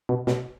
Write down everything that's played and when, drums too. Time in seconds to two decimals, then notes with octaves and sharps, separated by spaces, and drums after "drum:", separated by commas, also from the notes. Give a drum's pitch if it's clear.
0.09 B2
0.27 B2, drum: snare